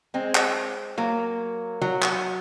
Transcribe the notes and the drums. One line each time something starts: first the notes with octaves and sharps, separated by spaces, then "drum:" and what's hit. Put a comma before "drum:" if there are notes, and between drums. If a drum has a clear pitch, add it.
G#3 C4
drum: clap
F#3 A#3
F#3
drum: clap